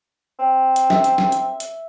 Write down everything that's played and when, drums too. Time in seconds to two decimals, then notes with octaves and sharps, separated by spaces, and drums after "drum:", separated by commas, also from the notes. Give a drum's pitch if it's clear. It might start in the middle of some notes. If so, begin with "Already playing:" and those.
0.39 C4
0.76 drum: hi-hat
0.90 E5, drum: snare
1.04 drum: hi-hat
1.18 drum: snare
1.32 drum: hi-hat
1.60 drum: hi-hat